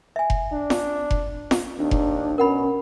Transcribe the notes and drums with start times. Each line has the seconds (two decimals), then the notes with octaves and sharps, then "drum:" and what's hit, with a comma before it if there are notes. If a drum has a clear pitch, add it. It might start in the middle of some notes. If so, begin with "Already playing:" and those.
0.16 E5 G#5
0.30 drum: kick F1
0.52 D4
0.70 drum: snare F4
1.11 drum: kick F1
1.51 drum: snare F4
1.78 D#2 D4
1.91 drum: kick F1
2.38 B2 C#4 A#4 F#5 B5